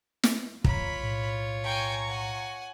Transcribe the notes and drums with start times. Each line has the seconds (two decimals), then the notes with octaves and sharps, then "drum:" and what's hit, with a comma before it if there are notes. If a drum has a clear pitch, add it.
0.23 drum: snare
0.64 F4 C#5 A#5 B5, drum: kick
0.99 B1 A2
1.64 G5 G#5 A#5 C#6
2.08 F#5 G#5